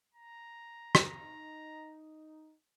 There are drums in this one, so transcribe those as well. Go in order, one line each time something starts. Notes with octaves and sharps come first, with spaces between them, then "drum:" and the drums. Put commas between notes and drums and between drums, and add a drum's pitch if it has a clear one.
A#5
drum: rim click
D#4